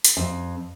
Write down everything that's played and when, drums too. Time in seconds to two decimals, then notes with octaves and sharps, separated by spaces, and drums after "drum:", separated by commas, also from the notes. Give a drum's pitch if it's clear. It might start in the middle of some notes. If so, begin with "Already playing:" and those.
0.04 drum: hi-hat
0.17 F2